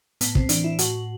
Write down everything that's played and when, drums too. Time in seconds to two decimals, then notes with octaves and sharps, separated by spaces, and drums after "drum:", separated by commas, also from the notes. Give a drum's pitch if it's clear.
0.21 A2 B3, drum: hi-hat
0.35 C4, drum: kick
0.49 E3 D4, drum: hi-hat
0.64 E4
0.79 A2 F#4, drum: hi-hat